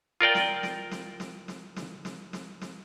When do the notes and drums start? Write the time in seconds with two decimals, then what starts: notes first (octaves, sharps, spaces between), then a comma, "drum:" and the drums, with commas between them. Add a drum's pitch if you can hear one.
0.21 F4 A#4 D5 G5
0.35 drum: snare
0.63 drum: snare
0.91 drum: snare
1.20 drum: snare
1.48 drum: snare
1.76 drum: snare
2.05 drum: snare
2.33 drum: snare
2.61 drum: snare